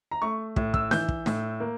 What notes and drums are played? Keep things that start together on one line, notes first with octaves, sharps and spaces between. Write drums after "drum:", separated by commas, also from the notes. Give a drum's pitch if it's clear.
A#5
A3 C#6
A2, drum: kick
E6, drum: kick
E3 G6, drum: snare
drum: kick
A2, drum: snare
A#3